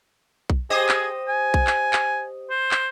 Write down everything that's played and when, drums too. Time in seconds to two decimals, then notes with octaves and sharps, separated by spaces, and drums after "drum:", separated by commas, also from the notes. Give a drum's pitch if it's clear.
0.50 drum: kick B1
0.70 G4 G#4 C5 D#5
0.89 drum: clap
1.28 G#5
1.54 drum: kick B1
1.67 drum: clap
1.93 drum: clap
2.50 C5
2.71 drum: clap